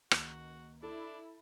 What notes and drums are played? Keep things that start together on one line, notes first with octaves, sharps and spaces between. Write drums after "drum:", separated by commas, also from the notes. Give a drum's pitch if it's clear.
C#2 D#3 A#3 F#4, drum: rim click
D4 E4 A4